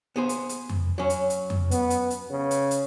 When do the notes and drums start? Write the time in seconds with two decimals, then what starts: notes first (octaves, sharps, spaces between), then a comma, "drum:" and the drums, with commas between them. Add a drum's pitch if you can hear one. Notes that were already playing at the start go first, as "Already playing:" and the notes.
0.16 B3 G#4 C5
0.29 drum: hi-hat
0.49 drum: hi-hat
0.69 drum: tom F2
0.98 F#3 C#4
1.10 drum: hi-hat
1.30 drum: hi-hat
1.50 drum: tom F2
1.71 B3, drum: hi-hat
1.90 drum: hi-hat
2.10 drum: hi-hat
2.31 C#3
2.51 drum: hi-hat
2.71 drum: hi-hat